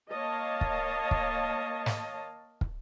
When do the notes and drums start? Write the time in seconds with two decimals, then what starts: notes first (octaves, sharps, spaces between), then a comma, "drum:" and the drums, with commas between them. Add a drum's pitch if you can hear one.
0.11 A#3 C#5 D#5 F5 A5
0.61 drum: kick
1.11 drum: kick
1.86 drum: snare
2.61 drum: kick